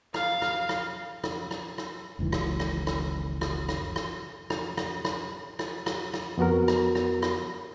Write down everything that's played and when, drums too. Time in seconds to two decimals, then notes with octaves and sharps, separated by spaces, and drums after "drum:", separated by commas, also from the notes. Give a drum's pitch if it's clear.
0.14 F5, drum: rim click
0.42 drum: rim click
0.69 drum: rim click
1.24 drum: rim click
1.51 drum: rim click
1.78 drum: rim click
2.19 F#1 C#2 D#3 E3
2.32 drum: rim click
2.60 drum: rim click
2.87 drum: rim click
3.41 drum: rim click
3.69 drum: rim click
3.96 drum: rim click
4.50 drum: rim click
4.77 drum: rim click
5.05 drum: rim click
5.59 drum: rim click
5.86 drum: rim click
6.14 drum: rim click
6.38 F2 B3 F#4 A#4
6.68 drum: rim click
6.95 drum: rim click
7.22 drum: rim click